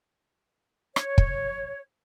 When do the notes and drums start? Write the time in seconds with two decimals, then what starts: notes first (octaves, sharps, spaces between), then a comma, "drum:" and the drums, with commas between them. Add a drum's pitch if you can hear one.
0.96 C#5, drum: rim click
1.18 drum: kick